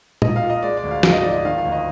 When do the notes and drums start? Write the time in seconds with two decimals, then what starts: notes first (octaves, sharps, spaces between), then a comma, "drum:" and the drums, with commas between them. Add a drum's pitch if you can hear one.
0.22 A#2 D#5, drum: tom
0.36 F5
0.43 A#2
0.50 D#5
0.62 G#3 D5
0.77 D5
0.83 D2
0.91 F5
1.03 G#2 F5, drum: snare
1.12 D#5
1.21 F3 D5
1.31 D#5
1.45 D#3 F5
1.58 F5
1.65 D2
1.72 D#5